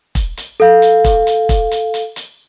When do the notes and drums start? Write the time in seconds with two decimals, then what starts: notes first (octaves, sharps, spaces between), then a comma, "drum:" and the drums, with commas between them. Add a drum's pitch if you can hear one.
0.15 drum: kick E1, hi-hat
0.37 drum: hi-hat
0.60 A4 F5
0.82 drum: hi-hat
1.04 drum: kick E1, hi-hat
1.27 drum: hi-hat
1.49 drum: kick E1, hi-hat
1.71 drum: hi-hat
1.94 drum: hi-hat
2.16 drum: hi-hat